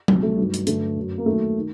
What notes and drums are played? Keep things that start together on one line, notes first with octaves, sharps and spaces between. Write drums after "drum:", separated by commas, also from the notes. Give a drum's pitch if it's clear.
D2 C3 D#3 F#3 G3, drum: tom F#3
A3
G2 D#3 F#3 G3
drum: hi-hat
G2 D3 F#3 A3, drum: hi-hat
F#2 F#3
A#3
D#2 D#3 F#3 A3
D#3